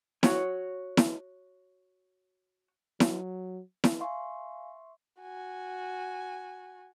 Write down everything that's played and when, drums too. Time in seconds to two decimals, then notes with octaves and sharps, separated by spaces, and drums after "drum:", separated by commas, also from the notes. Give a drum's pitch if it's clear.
0.23 F#4 C#5 G#5, drum: snare E4
0.97 drum: snare E4
3.00 F#3, drum: snare E4
3.84 drum: snare E4
4.01 E5 F5 G#5 C6 C#6
5.21 F#4 G#5